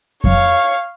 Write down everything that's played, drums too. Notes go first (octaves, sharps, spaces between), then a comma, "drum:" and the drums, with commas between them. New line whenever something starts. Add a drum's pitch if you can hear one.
C#5 F5, drum: kick F2